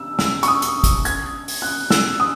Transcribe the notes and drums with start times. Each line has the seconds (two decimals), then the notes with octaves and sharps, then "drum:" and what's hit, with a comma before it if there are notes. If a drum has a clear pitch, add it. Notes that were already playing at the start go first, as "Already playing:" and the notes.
Already playing: E6
0.19 E6, drum: snare
0.43 C#6, drum: hi-hat
0.48 D#6
0.62 drum: hi-hat
0.84 drum: kick, hi-hat
1.05 G#6, drum: hi-hat
1.48 drum: open hi-hat
1.62 F#6
1.90 E6, drum: snare
2.20 D#6